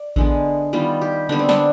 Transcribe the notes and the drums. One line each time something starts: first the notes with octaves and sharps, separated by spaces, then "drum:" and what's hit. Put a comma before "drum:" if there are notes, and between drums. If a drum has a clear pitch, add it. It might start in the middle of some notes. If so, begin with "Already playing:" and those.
Already playing: D5
D3 G#3 B3, drum: kick A1
D#3 G3 B3 F4
G4
D3 G3 B3 D4
C4
D4, drum: snare